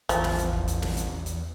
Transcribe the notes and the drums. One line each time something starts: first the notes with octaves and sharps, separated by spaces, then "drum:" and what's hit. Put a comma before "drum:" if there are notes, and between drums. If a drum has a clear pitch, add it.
A1 E2 F3, drum: hi-hat
drum: snare
drum: hi-hat
drum: kick
drum: hi-hat
drum: snare
drum: hi-hat
drum: hi-hat